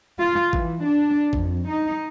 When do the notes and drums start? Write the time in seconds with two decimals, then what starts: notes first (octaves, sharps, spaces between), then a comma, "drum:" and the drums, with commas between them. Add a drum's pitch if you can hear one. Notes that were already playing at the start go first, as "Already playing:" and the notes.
0.19 F4
0.53 E3, drum: kick G#1
0.84 D4
1.33 F2, drum: kick G#1
1.68 D#4